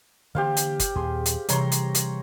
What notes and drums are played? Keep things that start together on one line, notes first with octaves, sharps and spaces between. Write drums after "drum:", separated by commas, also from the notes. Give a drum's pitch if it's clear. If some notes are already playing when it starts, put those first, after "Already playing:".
D3 E3 A#3 G4 C5 F5
drum: hi-hat
drum: kick G1, hi-hat
D#2 A#2 G#4 G#5 C6
drum: hi-hat
C3 E3 G3 C#5 A#5 C6, drum: hi-hat
drum: hi-hat
drum: hi-hat